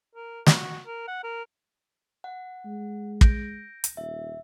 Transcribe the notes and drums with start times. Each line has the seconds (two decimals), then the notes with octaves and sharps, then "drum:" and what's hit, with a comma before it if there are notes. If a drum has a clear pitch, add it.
0.15 A#4
0.46 F#4, drum: snare
0.86 A#4
1.08 F#5
1.23 A#4
2.24 F#5
2.66 G#3
3.21 G6 A#6 D7, drum: kick
3.84 drum: hi-hat
3.97 D#1 E5